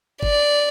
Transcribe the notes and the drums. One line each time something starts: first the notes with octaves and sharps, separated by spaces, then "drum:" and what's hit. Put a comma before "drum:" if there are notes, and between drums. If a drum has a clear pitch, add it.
D5, drum: kick G1